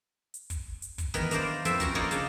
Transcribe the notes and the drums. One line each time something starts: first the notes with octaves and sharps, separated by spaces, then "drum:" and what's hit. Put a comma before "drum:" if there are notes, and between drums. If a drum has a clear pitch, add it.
drum: hi-hat
drum: kick, hi-hat
drum: hi-hat
drum: kick, hi-hat
D#3 E3 B3 A#4 B4, drum: hi-hat
A#3 D4 A#4 C5 D5, drum: hi-hat
F2 A4 B4 C5 E5 G5, drum: hi-hat
C#4 F#4 A#4, drum: kick, hi-hat
A#3 D#4 F4 C#5 D5
C#3 D4 D#4, drum: hi-hat